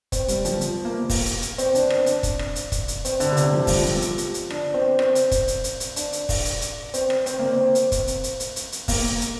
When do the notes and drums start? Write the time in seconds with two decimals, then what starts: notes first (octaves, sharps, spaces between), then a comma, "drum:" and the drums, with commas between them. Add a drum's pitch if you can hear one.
0.12 C4, drum: kick, hi-hat
0.28 G3, drum: hi-hat
0.45 F3, drum: hi-hat
0.61 drum: hi-hat
0.85 A#3
1.10 drum: kick, open hi-hat
1.26 drum: hi-hat
1.42 drum: hi-hat
1.58 C4, drum: hi-hat
1.75 D4, drum: hi-hat
1.90 C4, drum: rim click
2.06 D4, drum: hi-hat
2.23 drum: kick, hi-hat
2.39 drum: rim click
2.56 drum: hi-hat
2.72 drum: kick, hi-hat
2.88 drum: hi-hat
3.05 C4, drum: hi-hat
3.20 D3, drum: hi-hat
3.33 C3
3.37 D3, drum: hi-hat
3.53 F3
3.67 G3, drum: kick, open hi-hat
3.81 F3
4.02 drum: hi-hat
4.18 drum: hi-hat
4.34 drum: hi-hat
4.50 D4, drum: rim click
4.74 C4
4.99 C4, drum: rim click
5.15 drum: hi-hat
5.31 drum: kick, hi-hat
5.48 drum: hi-hat
5.64 drum: hi-hat
5.80 drum: hi-hat
5.96 D4, drum: hi-hat
6.13 drum: hi-hat
6.29 drum: kick, open hi-hat
6.45 drum: hi-hat
6.61 drum: hi-hat
6.94 C4, drum: hi-hat
7.10 drum: rim click
7.26 C4, drum: hi-hat
7.39 A#3
7.53 C4
7.75 drum: hi-hat
7.92 C4, drum: kick, hi-hat
8.07 drum: hi-hat
8.24 drum: hi-hat
8.40 drum: hi-hat
8.56 drum: hi-hat
8.72 drum: hi-hat
8.88 A#3, drum: kick, open hi-hat
9.21 drum: hi-hat